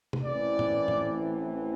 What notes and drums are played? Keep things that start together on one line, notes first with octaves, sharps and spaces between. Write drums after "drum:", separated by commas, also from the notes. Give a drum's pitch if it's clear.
drum: tom C3
A1 A2 E3 C4 E4 D5
drum: tom A2
drum: tom A2